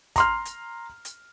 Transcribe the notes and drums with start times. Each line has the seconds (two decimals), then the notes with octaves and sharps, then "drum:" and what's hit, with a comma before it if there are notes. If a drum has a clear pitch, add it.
0.16 A#5 C6 F6, drum: kick, hi-hat
0.45 drum: hi-hat
1.05 drum: hi-hat